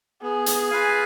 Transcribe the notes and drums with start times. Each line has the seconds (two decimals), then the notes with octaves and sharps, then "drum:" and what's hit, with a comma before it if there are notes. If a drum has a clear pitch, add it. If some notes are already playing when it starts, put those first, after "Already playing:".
0.22 B3 G#4
0.46 drum: hi-hat
0.70 F4 B4 F5 G#5